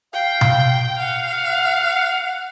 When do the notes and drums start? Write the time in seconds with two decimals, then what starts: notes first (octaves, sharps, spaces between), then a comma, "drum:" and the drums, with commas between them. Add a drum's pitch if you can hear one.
0.14 F5 G5
0.41 drum: tom B2
0.99 F5 F#5